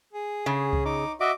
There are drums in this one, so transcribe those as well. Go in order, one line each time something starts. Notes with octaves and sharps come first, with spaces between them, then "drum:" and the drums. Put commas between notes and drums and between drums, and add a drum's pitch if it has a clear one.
G#4
C#3
drum: kick C2
D#4 D6
F#4 D#5 E5 D6